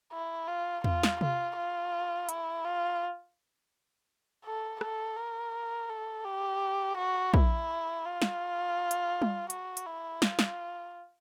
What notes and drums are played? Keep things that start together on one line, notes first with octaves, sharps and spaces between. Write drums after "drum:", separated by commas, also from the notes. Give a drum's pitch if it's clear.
E4
F4
F4, drum: tom E2
drum: snare
F4, drum: tom C3
F4
E4, drum: hi-hat
F4
A4
A4, drum: rim click
A#4
A4
G4
F#4
E4, drum: kick
F4
drum: snare
drum: hi-hat
drum: tom G3
F#4, drum: hi-hat
drum: hi-hat
E4
F4, drum: snare
drum: snare